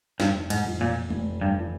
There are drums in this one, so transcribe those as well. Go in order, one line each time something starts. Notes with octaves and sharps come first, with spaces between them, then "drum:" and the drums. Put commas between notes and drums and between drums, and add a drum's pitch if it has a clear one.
F1 G2, drum: snare
G#2, drum: cymbal
F2 E3
A#2
F1, drum: tom G#3
G2
E3